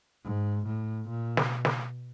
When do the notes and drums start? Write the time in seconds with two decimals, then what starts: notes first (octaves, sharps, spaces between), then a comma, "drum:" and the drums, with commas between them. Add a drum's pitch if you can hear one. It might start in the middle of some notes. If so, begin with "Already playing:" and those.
0.24 G#2
0.66 A2
1.09 A#2
1.37 B2, drum: snare
1.65 drum: snare